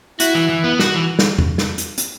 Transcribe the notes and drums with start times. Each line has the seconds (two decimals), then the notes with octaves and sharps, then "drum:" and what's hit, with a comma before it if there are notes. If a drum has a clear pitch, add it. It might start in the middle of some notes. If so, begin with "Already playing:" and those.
0.20 E4 F#4, drum: hi-hat
0.35 E3
0.49 E3
0.64 B3
0.79 F#4, drum: snare
0.94 E3
1.19 drum: snare
1.38 drum: tom E2
1.58 drum: snare
1.78 drum: hi-hat
1.98 drum: hi-hat